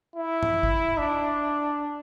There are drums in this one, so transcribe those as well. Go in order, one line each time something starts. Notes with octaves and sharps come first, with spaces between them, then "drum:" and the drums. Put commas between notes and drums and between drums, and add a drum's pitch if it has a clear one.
E4
drum: tom G2
drum: kick
D4